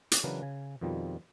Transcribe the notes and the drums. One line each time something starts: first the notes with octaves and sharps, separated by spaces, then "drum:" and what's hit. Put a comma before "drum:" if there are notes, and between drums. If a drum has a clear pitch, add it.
drum: hi-hat
C#3 E3 F#3 D4 A#4 B4
C#3 G#5
F2 B2 D#3 F3 G3